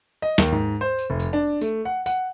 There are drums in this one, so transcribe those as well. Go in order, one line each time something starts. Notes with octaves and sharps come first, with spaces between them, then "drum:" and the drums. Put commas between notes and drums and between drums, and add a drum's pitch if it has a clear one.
D#5
D#2, drum: snare
G#2
C5
drum: tambourine
F1
drum: tambourine
D4
A3, drum: tambourine
F#5
F#5, drum: tambourine